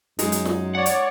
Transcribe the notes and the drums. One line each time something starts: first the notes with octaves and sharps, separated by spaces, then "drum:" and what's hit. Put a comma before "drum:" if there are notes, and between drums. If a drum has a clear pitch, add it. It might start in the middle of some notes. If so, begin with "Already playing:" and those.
F#2 G#3 D#4, drum: hi-hat
drum: hi-hat
drum: snare
C#5 D5 F#5
drum: hi-hat